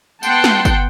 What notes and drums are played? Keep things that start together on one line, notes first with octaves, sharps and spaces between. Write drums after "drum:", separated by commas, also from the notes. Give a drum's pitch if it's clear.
B3 F#5 G5 A5 C6, drum: tambourine
drum: snare
drum: kick, tambourine